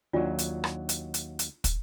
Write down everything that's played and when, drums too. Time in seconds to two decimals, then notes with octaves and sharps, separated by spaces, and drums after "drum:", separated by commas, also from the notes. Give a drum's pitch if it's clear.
0.13 D#2 F#3 D4 F4 D5
0.39 drum: hi-hat
0.64 drum: rim click
0.89 drum: hi-hat
1.14 drum: hi-hat
1.39 drum: hi-hat
1.64 drum: kick, hi-hat